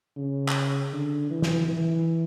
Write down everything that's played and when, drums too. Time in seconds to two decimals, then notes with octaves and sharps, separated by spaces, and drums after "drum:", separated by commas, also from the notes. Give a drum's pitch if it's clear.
0.17 C#3
0.48 drum: clap
0.93 D3
1.30 E3
1.42 drum: snare
1.68 E3